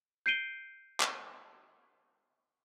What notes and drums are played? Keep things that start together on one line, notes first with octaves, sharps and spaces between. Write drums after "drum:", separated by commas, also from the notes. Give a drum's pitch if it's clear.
G6 C7 D7 D#7 G7
drum: clap